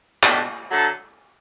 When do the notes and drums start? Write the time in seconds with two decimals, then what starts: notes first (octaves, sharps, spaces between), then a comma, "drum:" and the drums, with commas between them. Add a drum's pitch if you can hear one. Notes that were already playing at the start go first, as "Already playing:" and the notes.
0.23 B2 A3 D4 G5, drum: clap
0.71 D3 F#3 A3 A5